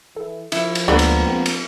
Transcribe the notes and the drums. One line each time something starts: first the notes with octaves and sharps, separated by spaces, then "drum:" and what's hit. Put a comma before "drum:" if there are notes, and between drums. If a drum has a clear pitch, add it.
E3 A4
F3 E4, drum: cymbal
drum: cymbal
D2 G#3 A#3 B3 D4 A4 B5
drum: cymbal
C4
drum: cymbal